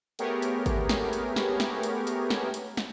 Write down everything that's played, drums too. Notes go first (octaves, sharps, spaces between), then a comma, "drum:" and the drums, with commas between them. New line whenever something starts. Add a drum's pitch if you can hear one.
A3 B3 G4 G#4 A#4 C#5, drum: hi-hat
drum: hi-hat
drum: kick G#1, hi-hat
drum: snare
drum: hi-hat
drum: snare
drum: snare
drum: hi-hat
drum: hi-hat
drum: snare
drum: hi-hat
drum: snare